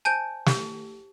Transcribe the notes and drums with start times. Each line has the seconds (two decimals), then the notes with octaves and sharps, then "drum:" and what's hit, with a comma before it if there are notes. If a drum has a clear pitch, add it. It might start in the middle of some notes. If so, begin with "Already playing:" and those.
0.05 C5 D5 G#5 A5 G6 D7
0.46 G4, drum: snare